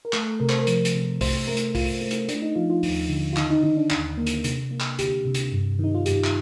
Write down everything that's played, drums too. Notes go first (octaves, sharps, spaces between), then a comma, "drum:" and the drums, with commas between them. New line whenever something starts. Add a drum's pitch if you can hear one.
A#4
A3 A4, drum: clap
C3 A#4
C5, drum: clap
A#4
F3, drum: hi-hat
drum: hi-hat
C3
A3 C5, drum: kick, open hi-hat
A3 A#4
drum: hi-hat
A3 F4, drum: kick, open hi-hat
A3
drum: hi-hat
A3 D4, drum: hi-hat
D#4
F3 F4
F4
D#2, drum: open hi-hat
D3
F4
D#3 D#4, drum: clap
D#4
D#3 D#4
D4
D#2 D4, drum: clap
A#3
drum: hi-hat
C3, drum: hi-hat
A#3
drum: clap
D2 G4, drum: hi-hat
C3
drum: hi-hat
G2
D#3 D#4
F4
G2 G4, drum: hi-hat
drum: clap